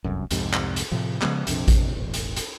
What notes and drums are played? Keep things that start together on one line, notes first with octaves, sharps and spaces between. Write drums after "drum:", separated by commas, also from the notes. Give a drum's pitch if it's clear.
F1 C2 F#2
C2 F2 G#2 C3, drum: hi-hat
drum: clap
drum: hi-hat
A2 C3 F3
C#3 F3 G#3 B3, drum: clap
A#1 F2 C3 D4, drum: hi-hat
drum: kick A1, hi-hat
E1 A1
drum: hi-hat
drum: hi-hat